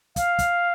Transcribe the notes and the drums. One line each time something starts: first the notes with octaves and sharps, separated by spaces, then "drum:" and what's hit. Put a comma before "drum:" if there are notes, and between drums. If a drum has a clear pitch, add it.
F5, drum: kick, hi-hat
drum: kick, hi-hat